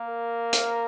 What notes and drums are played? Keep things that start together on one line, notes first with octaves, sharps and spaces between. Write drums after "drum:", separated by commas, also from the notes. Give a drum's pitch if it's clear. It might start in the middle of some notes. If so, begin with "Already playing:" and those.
Already playing: A#3
A#4
drum: hi-hat